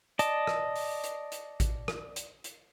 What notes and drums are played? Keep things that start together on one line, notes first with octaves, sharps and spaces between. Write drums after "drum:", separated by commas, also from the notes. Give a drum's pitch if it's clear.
D5 D#5 A5, drum: hi-hat
drum: rim click
drum: open hi-hat
drum: hi-hat
drum: hi-hat
drum: kick A1, hi-hat
drum: rim click
drum: hi-hat
drum: hi-hat